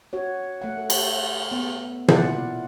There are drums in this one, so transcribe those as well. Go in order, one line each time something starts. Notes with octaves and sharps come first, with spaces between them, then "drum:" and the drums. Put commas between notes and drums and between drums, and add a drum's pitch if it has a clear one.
F#4 C#5
A3 F#5
A4
drum: cymbal
B3
A#2 E4 F4 D5 F#5, drum: tom